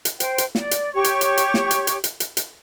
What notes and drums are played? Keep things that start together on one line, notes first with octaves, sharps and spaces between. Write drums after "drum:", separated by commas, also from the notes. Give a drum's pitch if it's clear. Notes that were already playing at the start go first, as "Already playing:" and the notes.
drum: hi-hat
C5 G5, drum: hi-hat
drum: hi-hat
D5, drum: snare
drum: hi-hat
G4 C#5 C#6
drum: hi-hat
drum: hi-hat
drum: hi-hat
drum: snare
drum: hi-hat
drum: hi-hat
drum: hi-hat
drum: hi-hat
drum: hi-hat